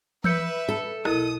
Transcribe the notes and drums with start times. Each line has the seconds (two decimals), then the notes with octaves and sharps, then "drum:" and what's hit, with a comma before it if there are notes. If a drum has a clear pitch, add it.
0.24 B4 E5 E6 G6 C#7, drum: tom E3
0.69 A4
1.05 B1 E4 A#4 D#5 D#6, drum: rim click